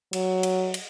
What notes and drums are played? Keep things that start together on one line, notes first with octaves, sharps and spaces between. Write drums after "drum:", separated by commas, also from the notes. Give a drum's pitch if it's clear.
F#3, drum: cymbal
drum: cymbal
drum: cymbal